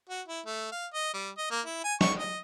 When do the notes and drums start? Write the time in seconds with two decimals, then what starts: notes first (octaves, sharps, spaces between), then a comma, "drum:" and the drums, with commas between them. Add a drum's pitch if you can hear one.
0.09 F#4
0.28 E4
0.45 A3
0.72 F5
0.93 D#5
1.14 G3
1.38 D#5
1.50 A#3
1.66 E4
1.84 G#5
2.01 C#6, drum: snare
2.19 D#5